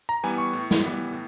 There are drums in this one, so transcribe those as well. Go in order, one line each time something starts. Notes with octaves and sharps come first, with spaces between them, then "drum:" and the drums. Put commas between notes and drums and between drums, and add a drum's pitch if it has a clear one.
A#5
E3 G3 B3 G#5
C#6
A2
drum: snare
E3 G3 B3
A2